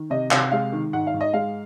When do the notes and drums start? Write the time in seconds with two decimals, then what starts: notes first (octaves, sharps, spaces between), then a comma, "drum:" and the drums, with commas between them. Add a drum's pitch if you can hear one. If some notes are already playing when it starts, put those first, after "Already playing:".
Already playing: D#3
0.10 C3 D#5
0.31 C3 F5, drum: clap
0.51 G#3 F5
0.72 D#3
0.93 G#2 F#5
1.07 F5
1.14 G#2
1.21 D#5
1.33 G#3 F5